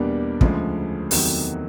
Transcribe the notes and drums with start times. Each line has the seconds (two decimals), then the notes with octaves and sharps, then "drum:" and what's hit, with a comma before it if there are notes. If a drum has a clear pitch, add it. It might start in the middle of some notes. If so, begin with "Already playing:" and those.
Already playing: E2 B2 G3 A#3 D4
0.41 D2 C#3 F3 G#3, drum: kick
1.11 E2 C3 D#3 F#3 A3, drum: open hi-hat